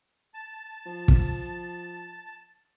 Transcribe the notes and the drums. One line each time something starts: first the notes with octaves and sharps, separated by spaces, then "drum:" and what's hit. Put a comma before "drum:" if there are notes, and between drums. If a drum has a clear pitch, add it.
A5
F3
drum: kick